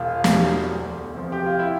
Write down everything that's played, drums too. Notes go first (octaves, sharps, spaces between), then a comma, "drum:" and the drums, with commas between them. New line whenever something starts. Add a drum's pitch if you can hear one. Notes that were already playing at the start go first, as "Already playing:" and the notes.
Already playing: E1 F4
E2 B2 G3, drum: snare
D2
C3 F3
G4
F4
E4